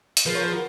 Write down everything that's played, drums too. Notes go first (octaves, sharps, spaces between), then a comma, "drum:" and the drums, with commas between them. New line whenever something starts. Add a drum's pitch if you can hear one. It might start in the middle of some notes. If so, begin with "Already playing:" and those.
drum: hi-hat
F3 G#4 B4
A#4 C#5
G#4 B4
F#4 A#4